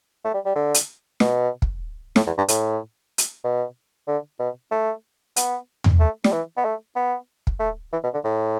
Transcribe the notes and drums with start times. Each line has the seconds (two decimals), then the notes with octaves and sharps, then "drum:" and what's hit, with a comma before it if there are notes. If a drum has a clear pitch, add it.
0.24 A3
0.34 G3
0.45 G3
0.55 D3
0.74 drum: hi-hat
1.20 B2, drum: snare
1.62 drum: kick
2.16 A2, drum: snare
2.26 E2
2.38 G2
2.48 A2, drum: hi-hat
3.18 drum: hi-hat
3.44 B2
4.08 D3
4.39 B2
4.71 A3
5.36 B3, drum: hi-hat
5.84 drum: tom
6.00 A3
6.24 G3, drum: snare
6.32 E3
6.57 B3
6.65 A3
6.95 B3
7.47 drum: kick
7.59 A3
7.93 E3
8.03 B2
8.14 D3
8.24 A2